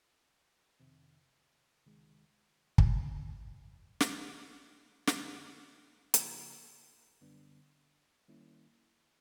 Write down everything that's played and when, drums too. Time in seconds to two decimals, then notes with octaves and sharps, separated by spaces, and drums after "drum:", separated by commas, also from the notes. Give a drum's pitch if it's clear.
0.80 F2 C3 D#3
1.86 C#2 C3 D#3 G#3
2.78 drum: kick
2.93 D#2 D#3 G#3 C4
4.00 C3 E3 A3 D4 G4, drum: snare
5.07 F2 D3 G3, drum: snare
6.14 C#3 F3 A#3 D4 F4, drum: hi-hat
7.21 F#2 D3 G3 B3 D4
8.28 D#3 G3 A#3 C#4 E4